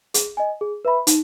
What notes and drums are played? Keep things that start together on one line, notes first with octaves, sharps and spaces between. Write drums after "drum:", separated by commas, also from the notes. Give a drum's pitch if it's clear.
G#4, drum: hi-hat
D#5 G#5
G#4
B4 E5 B5
D#4, drum: hi-hat